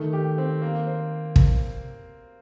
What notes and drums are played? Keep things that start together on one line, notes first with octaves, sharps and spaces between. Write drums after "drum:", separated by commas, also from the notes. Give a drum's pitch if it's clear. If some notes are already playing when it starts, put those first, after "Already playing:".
Already playing: D#3 A3
G4
C4
A#3
C5
drum: kick